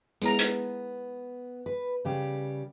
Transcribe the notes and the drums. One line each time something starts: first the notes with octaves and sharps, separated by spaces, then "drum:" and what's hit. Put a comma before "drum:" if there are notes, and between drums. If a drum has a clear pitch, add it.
G#3 B3 E4 A#5, drum: tambourine
drum: hi-hat
B4
C#3 G3 G4